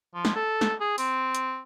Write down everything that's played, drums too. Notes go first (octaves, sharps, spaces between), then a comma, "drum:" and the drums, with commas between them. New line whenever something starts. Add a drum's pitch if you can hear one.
F3
drum: snare
A4
drum: snare
G#4
C4, drum: open hi-hat
drum: hi-hat